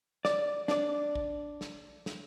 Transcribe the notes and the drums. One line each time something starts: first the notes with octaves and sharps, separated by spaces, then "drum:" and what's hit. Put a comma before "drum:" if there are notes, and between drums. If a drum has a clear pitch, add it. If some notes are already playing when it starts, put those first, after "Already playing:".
D5, drum: snare
D4 D5, drum: snare
drum: kick
drum: snare
drum: snare